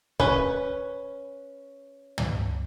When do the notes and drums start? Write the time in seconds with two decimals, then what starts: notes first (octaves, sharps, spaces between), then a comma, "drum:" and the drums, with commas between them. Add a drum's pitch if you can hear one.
0.20 C#4 B4, drum: kick
2.18 drum: tom